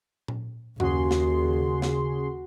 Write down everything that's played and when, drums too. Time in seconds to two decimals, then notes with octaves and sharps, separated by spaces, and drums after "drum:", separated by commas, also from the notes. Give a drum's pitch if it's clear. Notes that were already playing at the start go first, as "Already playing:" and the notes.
0.28 drum: tom A#2
0.80 D#2 C#3 F#4 G#4 C6, drum: tom F#2
1.11 drum: snare
1.82 drum: snare